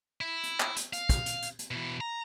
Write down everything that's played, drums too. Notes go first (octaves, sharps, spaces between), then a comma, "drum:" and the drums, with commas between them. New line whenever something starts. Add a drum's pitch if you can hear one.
E4
drum: hi-hat
drum: clap
drum: hi-hat
F5, drum: hi-hat
drum: kick, hi-hat
drum: hi-hat
drum: hi-hat
drum: hi-hat
B2 E3
A#5